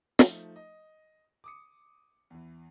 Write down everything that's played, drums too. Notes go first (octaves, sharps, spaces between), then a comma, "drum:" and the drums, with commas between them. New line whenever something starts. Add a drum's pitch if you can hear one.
F3 A3 D#4, drum: snare
D#5
D6 D#6 C#7
E2 E3